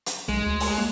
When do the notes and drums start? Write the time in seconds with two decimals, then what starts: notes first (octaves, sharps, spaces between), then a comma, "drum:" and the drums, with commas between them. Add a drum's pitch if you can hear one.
0.06 drum: hi-hat
0.29 B1 G#3
0.46 D2
0.60 drum: open hi-hat
0.78 A#3